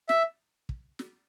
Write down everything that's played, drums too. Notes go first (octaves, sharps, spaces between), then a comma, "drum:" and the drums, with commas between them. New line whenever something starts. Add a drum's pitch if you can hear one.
E5, drum: snare
drum: kick
drum: snare